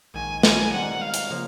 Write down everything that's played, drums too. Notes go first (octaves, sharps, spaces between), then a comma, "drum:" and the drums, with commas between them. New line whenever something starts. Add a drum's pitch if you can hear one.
A#1 G#2 D#3 G#5
G#5, drum: snare
G#2 D#3 G3 C4 D#4 F#5
F5
drum: hi-hat
C#3 F3 A#3